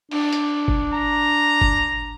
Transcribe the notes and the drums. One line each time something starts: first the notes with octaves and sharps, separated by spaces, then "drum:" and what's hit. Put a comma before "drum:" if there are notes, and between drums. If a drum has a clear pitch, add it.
D4, drum: cymbal
drum: hi-hat
drum: kick G1
A#5
drum: kick G1